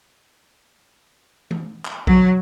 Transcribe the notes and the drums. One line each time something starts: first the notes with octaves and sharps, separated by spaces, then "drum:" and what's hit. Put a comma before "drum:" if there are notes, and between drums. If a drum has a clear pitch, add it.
drum: tom E3
drum: clap
F#3, drum: kick A#1